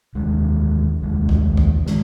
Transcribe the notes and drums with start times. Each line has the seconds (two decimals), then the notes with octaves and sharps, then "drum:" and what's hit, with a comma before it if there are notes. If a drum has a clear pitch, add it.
0.15 F1 D#2 D#3 G#3
1.01 F1 D#2 D#3 G#3
1.29 drum: kick
1.57 drum: kick
1.86 D#3 G#3, drum: snare